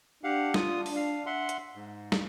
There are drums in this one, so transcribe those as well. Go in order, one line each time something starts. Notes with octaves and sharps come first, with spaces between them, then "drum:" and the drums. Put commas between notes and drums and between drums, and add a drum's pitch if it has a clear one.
D4 G4 F5 F#5
F4 D#6, drum: snare
drum: open hi-hat
F5
E5 F#5 C6
drum: hi-hat
G#2
drum: snare